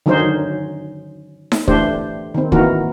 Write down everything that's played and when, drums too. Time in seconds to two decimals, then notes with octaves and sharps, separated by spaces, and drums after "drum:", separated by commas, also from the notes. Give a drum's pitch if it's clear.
0.06 D3 D#3 F#3 C#4 D#4 C5
1.52 drum: snare D#4
1.68 E3 A3 D4 G4 C5, drum: kick
2.35 D#3 C4
2.52 D#3 E3 A#3 F#4 A#4, drum: kick